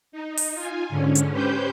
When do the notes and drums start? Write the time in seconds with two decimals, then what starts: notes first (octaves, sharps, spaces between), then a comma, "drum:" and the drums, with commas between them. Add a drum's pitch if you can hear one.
0.12 D#4
0.37 drum: open hi-hat
0.55 F4 G#5
0.89 G#2 D3 C#4
1.15 drum: hi-hat
1.31 C#4 G4 B4 C5 G6